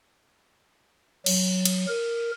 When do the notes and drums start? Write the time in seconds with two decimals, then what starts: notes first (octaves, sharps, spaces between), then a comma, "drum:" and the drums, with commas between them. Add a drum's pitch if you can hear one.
1.26 F#3, drum: cymbal
1.65 drum: cymbal
1.88 A#4